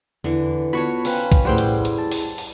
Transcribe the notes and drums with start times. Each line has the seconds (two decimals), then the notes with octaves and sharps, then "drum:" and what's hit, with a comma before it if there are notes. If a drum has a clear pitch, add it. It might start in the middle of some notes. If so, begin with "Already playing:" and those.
0.24 E2 D3 E3
0.73 B3 F4 F#4 C#5 A5 B5 C#6
1.05 C#4 B4 C5 F5 G5, drum: open hi-hat
1.32 drum: kick A#1, hi-hat
1.45 A2 G3 E4 G#4 C5 F#5 G5 C6
1.58 drum: hi-hat
1.85 drum: hi-hat
1.98 A5
2.12 drum: open hi-hat
2.38 drum: open hi-hat